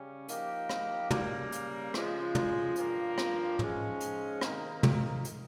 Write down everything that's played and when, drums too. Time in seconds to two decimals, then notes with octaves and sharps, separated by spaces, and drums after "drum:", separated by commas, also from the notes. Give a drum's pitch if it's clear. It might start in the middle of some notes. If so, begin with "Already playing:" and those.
Already playing: C#3 G3 C#4
0.28 F3 A#3 D#4 G4, drum: hi-hat
0.69 drum: rim click
1.11 C#3 G3 A#3, drum: tom
1.52 drum: hi-hat
1.94 C#3 F3 G#3, drum: rim click
2.35 drum: tom
2.76 G2 F3 A#3, drum: hi-hat
3.18 drum: rim click
3.59 G#2 F3 G#3 C#4, drum: tom
4.00 drum: hi-hat
4.41 C3 D#3 A#3 D#4, drum: rim click
4.83 drum: tom
5.25 drum: hi-hat